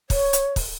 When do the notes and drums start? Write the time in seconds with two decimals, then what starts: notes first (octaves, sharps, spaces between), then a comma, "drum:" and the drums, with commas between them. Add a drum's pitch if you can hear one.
0.10 C#5, drum: kick, open hi-hat
0.33 drum: hi-hat
0.56 drum: kick, open hi-hat